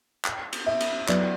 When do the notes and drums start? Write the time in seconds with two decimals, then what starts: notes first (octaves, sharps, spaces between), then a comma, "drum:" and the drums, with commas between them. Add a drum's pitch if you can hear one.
0.25 drum: clap
0.53 drum: cymbal
0.66 E5
0.81 drum: cymbal
1.08 F#3 B3 E4 D5, drum: clap